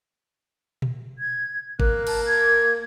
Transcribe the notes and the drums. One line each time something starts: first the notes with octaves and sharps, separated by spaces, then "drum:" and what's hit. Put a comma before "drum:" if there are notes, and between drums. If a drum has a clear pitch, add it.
drum: tom A#2
G#6
A#3 F#6, drum: kick G1
A5, drum: cymbal
G#6